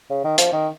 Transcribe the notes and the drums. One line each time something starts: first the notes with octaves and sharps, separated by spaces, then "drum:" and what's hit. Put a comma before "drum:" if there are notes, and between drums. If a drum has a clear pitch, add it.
C#3
D#3
F3, drum: hi-hat
D#3